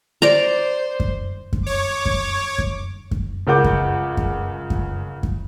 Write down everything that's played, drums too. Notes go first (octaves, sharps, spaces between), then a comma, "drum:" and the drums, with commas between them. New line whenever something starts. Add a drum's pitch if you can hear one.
C5 D5 A#5
drum: kick F#2
drum: kick F#2
C#5 D6
drum: kick F#2
drum: kick F#2
drum: kick F#2
C#2 C#3 A#4 F#5 D6 G6
drum: kick F#2
drum: kick F#2
drum: kick F#2
drum: kick F#2